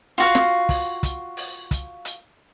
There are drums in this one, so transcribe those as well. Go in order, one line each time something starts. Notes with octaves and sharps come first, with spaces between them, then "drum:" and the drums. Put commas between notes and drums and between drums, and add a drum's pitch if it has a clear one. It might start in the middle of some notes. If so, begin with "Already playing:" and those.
F4 F#4 F5
drum: snare
drum: kick, open hi-hat
drum: kick, hi-hat
drum: open hi-hat
drum: kick, hi-hat
drum: hi-hat